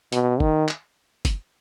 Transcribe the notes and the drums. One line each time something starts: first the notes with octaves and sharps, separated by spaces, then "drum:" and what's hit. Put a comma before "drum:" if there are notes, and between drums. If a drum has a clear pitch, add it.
B2, drum: hi-hat
D#3, drum: kick
drum: clap
drum: kick, hi-hat